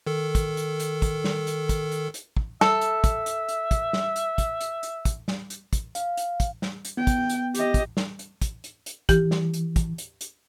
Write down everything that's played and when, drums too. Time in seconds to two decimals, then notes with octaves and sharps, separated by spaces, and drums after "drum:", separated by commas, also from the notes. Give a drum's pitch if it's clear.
0.06 D#3 A4
0.35 drum: kick, hi-hat
0.57 drum: hi-hat
0.80 drum: hi-hat
1.02 drum: kick, hi-hat
1.24 drum: snare
1.47 drum: hi-hat
1.69 drum: kick, hi-hat
1.92 drum: hi-hat
2.14 drum: hi-hat
2.36 drum: kick
2.61 A4 E5, drum: snare
2.81 drum: hi-hat
3.04 drum: kick, hi-hat
3.26 drum: hi-hat
3.49 drum: hi-hat
3.71 drum: kick, hi-hat
3.93 drum: snare
4.16 drum: hi-hat
4.38 drum: kick, hi-hat
4.61 drum: hi-hat
4.83 drum: hi-hat
5.05 drum: kick, hi-hat
5.28 drum: snare
5.50 drum: hi-hat
5.73 drum: kick, hi-hat
5.95 F5, drum: hi-hat
6.17 drum: hi-hat
6.40 drum: kick, hi-hat
6.62 drum: snare
6.85 drum: hi-hat
6.97 B3 G5
7.07 drum: kick, hi-hat
7.29 drum: hi-hat
7.55 G4 D#5, drum: hi-hat
7.74 drum: kick, hi-hat
7.97 drum: snare
8.19 drum: hi-hat
8.41 drum: kick, hi-hat
8.64 drum: hi-hat
8.86 drum: hi-hat
9.09 E3 G4 G6, drum: kick, hi-hat
9.31 drum: snare
9.54 drum: hi-hat
9.76 drum: kick, hi-hat
9.98 drum: hi-hat
10.21 drum: hi-hat